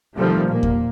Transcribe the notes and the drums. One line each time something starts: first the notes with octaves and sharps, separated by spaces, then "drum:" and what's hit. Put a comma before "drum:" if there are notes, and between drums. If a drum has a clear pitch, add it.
C3 D#3 F3 G3 A3
A#2 A#3
drum: kick E2